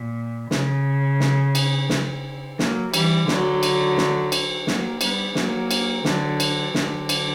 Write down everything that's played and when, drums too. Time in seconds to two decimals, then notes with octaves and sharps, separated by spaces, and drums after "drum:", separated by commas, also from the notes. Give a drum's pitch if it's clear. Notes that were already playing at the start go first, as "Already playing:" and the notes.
Already playing: A#2
0.51 C#3, drum: snare
1.20 drum: snare
1.55 drum: cymbal
1.90 drum: snare
2.59 F#3 A#3, drum: snare
2.94 E3 G3, drum: cymbal
3.28 D3 F#3, drum: snare
3.63 drum: cymbal
3.97 drum: snare
4.32 drum: cymbal
4.67 F#3 A#3, drum: snare
5.01 G3 B3, drum: cymbal
5.35 F#3 A#3, drum: snare
5.71 drum: cymbal
6.05 D3 F#3, drum: snare
6.40 drum: cymbal
6.75 D3 F#3, drum: snare
7.09 drum: cymbal